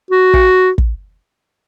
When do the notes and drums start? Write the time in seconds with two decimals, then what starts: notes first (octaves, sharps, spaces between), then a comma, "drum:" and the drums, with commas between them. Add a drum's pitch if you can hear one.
0.11 F#4
0.34 drum: kick
0.78 drum: kick